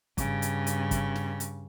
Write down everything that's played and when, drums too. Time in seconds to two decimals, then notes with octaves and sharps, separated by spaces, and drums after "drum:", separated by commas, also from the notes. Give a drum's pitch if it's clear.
0.18 G2 C#3, drum: kick, hi-hat
0.42 drum: hi-hat
0.67 drum: hi-hat
0.91 drum: kick, hi-hat
1.16 drum: snare
1.40 drum: hi-hat